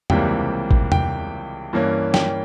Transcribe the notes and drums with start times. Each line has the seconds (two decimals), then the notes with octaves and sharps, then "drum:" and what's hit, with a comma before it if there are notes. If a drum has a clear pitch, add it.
0.10 C#2 C3 E3 G3 A#3 G5, drum: tom
0.71 drum: kick
0.92 G5, drum: tom
1.73 G2 E3 A#3 C#4
2.14 G5, drum: snare